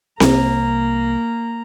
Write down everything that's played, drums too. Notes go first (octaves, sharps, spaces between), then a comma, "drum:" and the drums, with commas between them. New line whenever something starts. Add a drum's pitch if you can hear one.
C2 C3 A#3 A#5, drum: snare C4